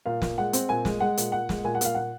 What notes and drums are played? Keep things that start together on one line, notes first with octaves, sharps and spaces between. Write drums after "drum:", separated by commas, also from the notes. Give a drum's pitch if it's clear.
A#2 F5
A#2, drum: snare
G#3 F#5
C4, drum: hi-hat
A#2 G#5
G#3, drum: snare
G#3 F#5
A#2, drum: hi-hat
A#2 F#5
G#3, drum: snare
A#2 G#5
F#5
A#2 F5, drum: hi-hat
A#2 F#5